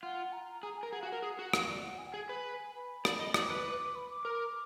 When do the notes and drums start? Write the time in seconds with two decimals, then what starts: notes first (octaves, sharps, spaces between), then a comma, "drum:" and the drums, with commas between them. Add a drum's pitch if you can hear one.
0.03 F4 F#5
0.33 A#5
0.63 G#4 A#5
0.78 G#5
0.83 A#4
0.92 G#4 F#5
1.00 F5
1.03 F#4
1.08 A#4 F#5
1.23 G#4
1.39 F#4
1.53 F5, drum: rim click
1.69 D5
1.84 F#5
1.98 G#5
2.09 F#5
2.14 G#4 G#5
2.29 B4
2.74 B5
3.05 D5, drum: rim click
3.20 D#5
3.34 D5 D6, drum: rim click
3.50 B4
3.95 B5
4.10 D6
4.25 A#4